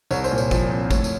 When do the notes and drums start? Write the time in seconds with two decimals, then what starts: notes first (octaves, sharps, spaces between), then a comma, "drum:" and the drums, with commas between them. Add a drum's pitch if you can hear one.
0.11 C2 C#5, drum: tambourine
0.24 C5, drum: tambourine
0.31 A#2
0.38 C#5, drum: tambourine
0.51 F3, drum: kick, tambourine
0.70 C4
0.91 A2 C#5, drum: kick, tambourine
1.04 drum: tambourine